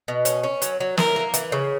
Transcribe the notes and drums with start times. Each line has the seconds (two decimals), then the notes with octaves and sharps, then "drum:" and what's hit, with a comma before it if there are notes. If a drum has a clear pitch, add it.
0.08 B2
0.25 C#4, drum: hi-hat
0.43 C#4
0.62 F#3, drum: hi-hat
0.80 F#3
0.97 E3 A#4, drum: snare
1.16 A#3
1.34 E3, drum: hi-hat
1.52 C#3